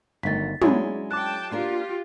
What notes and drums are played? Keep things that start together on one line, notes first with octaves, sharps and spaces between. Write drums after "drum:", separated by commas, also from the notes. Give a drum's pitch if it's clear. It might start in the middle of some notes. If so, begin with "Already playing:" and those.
G1 D#3 F#3 A3 A6 B6
F#3 G#3 C#4 D4 E4 G#4, drum: tom
G5 A5 D6 F#6
A#3 D4 F4 G4 A#4